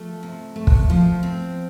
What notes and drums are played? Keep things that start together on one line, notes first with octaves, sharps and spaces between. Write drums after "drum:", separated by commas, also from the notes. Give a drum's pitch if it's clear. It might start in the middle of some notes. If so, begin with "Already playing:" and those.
Already playing: F3 A3
C3
A3
drum: kick
F3 C5
C4